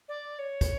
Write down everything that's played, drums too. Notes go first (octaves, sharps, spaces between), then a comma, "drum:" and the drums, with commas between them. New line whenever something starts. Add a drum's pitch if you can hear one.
D5
C#5
drum: kick, hi-hat